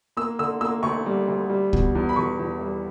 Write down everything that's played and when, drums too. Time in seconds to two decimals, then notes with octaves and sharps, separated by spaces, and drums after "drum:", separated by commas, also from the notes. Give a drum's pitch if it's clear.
0.17 A#3 E6
0.39 D3 E6
0.61 A#3 E6
0.83 D2 C#6
1.06 G3
1.28 D2
1.50 G3
1.73 B2, drum: kick
1.95 E2
2.09 B5
2.16 E2 C#6
2.39 E2
2.61 G3